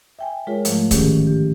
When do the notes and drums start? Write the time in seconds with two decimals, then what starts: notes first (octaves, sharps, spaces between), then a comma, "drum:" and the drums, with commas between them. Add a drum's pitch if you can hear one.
0.19 E5 G5 G#5
0.47 G#3 F4 G#4 A#4 C#5
0.65 G#2 F3 A3, drum: hi-hat
0.91 A2 D3 D#3 C#4 G4 G#4, drum: kick C#1, hi-hat
1.27 G4